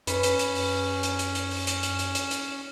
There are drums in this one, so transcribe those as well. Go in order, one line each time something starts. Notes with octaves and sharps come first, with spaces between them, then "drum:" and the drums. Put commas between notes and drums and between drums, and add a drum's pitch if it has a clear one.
F#2 C#4 B4, drum: hi-hat
drum: hi-hat
drum: hi-hat
drum: open hi-hat
drum: hi-hat
drum: hi-hat
drum: hi-hat
drum: open hi-hat
drum: hi-hat
drum: hi-hat
drum: hi-hat
drum: hi-hat
drum: hi-hat